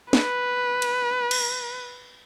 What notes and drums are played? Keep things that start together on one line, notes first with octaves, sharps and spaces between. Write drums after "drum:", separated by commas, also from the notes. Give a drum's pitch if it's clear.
B4, drum: snare
drum: cymbal
drum: cymbal